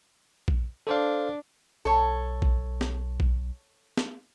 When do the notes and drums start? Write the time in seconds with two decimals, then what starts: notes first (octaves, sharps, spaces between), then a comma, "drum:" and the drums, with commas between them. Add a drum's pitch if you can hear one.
0.48 drum: kick A#1
0.87 D4 A4 C5 F5
1.85 B1 A4 C#5
2.42 drum: kick A#1
2.81 drum: snare
3.20 drum: kick A#1
3.97 drum: snare